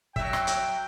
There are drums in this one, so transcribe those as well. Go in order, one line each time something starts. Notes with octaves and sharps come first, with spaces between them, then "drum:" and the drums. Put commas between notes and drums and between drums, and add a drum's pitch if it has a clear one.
F#3 E5 G5, drum: kick
drum: rim click
drum: hi-hat